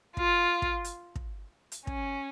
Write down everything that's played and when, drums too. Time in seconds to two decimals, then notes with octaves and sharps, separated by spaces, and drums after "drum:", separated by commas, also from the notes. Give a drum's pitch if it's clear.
0.17 F4, drum: kick
0.62 drum: kick
0.84 drum: hi-hat
1.15 drum: kick
1.72 drum: hi-hat
1.87 C#4, drum: kick